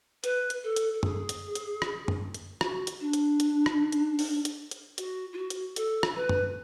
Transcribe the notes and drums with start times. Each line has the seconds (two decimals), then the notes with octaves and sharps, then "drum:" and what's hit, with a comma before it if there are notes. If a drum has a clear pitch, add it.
0.24 B4, drum: hi-hat
0.50 drum: hi-hat
0.64 A4
0.76 drum: hi-hat
0.93 A4
1.03 G#4, drum: tom F#2
1.29 drum: hi-hat
1.55 drum: hi-hat
1.82 drum: rim click
2.08 drum: tom F#2
2.34 drum: hi-hat
2.61 F#4, drum: rim click
2.87 drum: hi-hat
3.01 D4
3.13 drum: hi-hat
3.40 drum: hi-hat
3.66 drum: rim click
3.92 drum: hi-hat
4.19 drum: open hi-hat
4.45 drum: hi-hat
4.71 drum: hi-hat
4.98 F#4, drum: hi-hat
5.33 F4
5.37 F#4
5.50 drum: hi-hat
5.76 A4, drum: hi-hat
6.03 drum: rim click
6.16 B4
6.29 drum: tom F#2